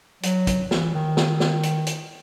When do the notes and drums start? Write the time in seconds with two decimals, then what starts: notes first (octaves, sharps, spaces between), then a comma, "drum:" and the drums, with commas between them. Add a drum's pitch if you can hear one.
0.23 F#3, drum: hi-hat
0.47 drum: kick, hi-hat
0.71 E3, drum: snare
0.94 D#3
1.17 drum: snare
1.40 drum: snare
1.63 drum: hi-hat
1.87 drum: hi-hat